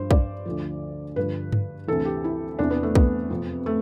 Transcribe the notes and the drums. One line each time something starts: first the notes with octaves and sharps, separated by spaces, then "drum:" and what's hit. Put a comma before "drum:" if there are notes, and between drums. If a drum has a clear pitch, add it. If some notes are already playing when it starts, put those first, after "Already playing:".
Already playing: G2 F3 C5
D5, drum: kick
D2 D3 F3
G2 D3 F3 B4
drum: tom G2
D2 C3 E3 A4
G4
E4
E2 C3 E3 D4
B3
A3
B3, drum: kick
F2 C3 F3
A3